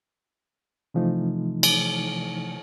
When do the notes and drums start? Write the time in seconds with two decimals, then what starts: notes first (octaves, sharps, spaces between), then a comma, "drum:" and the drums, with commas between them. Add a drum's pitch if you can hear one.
0.94 C3 E3 F3 A3 D#4
1.63 drum: cymbal